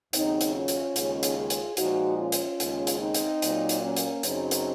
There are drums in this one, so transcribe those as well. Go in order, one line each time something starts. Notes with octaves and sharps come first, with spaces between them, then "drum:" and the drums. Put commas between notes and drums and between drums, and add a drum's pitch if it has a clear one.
D#2 C#3 F#3 C4 D#4, drum: hi-hat
drum: hi-hat
C#4 F4
drum: hi-hat
D#2 C#3 G#3, drum: hi-hat
drum: hi-hat
F4 G#4
drum: hi-hat
A#2 F3 G#3 D#4 F#4, drum: hi-hat
C#4 F4
drum: hi-hat
D#2 C#3 G#3, drum: hi-hat
drum: hi-hat
C4 D#4
drum: hi-hat
A#2 F#3, drum: hi-hat
drum: hi-hat
A#3 C#4
drum: hi-hat
F#2 C#3 F#3 C4 D#4, drum: hi-hat
drum: hi-hat